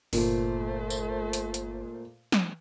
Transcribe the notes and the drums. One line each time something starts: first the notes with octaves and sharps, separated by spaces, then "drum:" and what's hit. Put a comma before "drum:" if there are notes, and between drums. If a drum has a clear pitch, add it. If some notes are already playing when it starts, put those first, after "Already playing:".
G1 A#2 A3 C5, drum: open hi-hat
drum: tambourine
drum: hi-hat
drum: hi-hat
drum: snare